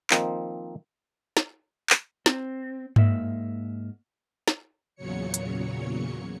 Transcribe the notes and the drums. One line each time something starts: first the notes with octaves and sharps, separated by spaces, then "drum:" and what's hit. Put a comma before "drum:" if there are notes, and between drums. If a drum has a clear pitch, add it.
D#3 F3 A#3 C4 D#4, drum: clap
drum: snare
drum: clap
C4, drum: snare
G#2 A#3 E5, drum: tom G2
drum: snare
E2 A#2 C#3 F#3 C#5 C#7
drum: hi-hat